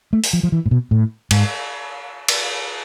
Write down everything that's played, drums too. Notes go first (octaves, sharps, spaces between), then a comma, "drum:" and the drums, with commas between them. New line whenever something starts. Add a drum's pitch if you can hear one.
A3
drum: open hi-hat
F3
F3
E3
A2
B2
A2
G#2, drum: cymbal
drum: cymbal